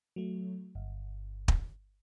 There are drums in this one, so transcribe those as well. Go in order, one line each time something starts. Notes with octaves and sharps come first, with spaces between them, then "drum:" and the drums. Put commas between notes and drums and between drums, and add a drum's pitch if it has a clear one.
F#3 A3
G1
drum: kick